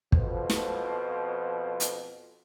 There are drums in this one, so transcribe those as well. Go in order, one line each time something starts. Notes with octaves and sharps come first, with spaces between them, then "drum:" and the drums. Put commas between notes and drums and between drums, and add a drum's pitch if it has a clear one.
F2 B2 F3, drum: kick
drum: snare
drum: hi-hat